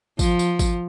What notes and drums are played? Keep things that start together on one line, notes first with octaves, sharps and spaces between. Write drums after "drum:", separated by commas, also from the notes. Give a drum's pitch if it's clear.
F3, drum: kick G#1, tambourine
drum: tambourine
drum: kick G#1, tambourine